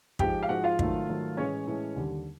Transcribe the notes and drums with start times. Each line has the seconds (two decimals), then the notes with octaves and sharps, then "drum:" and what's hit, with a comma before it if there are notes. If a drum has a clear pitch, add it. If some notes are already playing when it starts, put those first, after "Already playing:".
0.19 G#2 F3 G#3 G4 G5, drum: kick
0.43 F5
0.49 G#2 F3 G#3 F#4 F#5
0.64 F4 F5
0.79 G#2 D#3 F#3 A3, drum: kick
1.08 G#2 D#3 F#3 A3
1.37 A2 E3 G#3 C#4 C#5
1.67 A2 E3 G#3
1.96 D#2 D3 G3